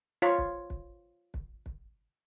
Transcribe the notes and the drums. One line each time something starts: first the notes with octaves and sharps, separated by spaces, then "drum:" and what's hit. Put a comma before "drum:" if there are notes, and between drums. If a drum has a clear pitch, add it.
F4 C#5
drum: kick
drum: kick
drum: kick
drum: kick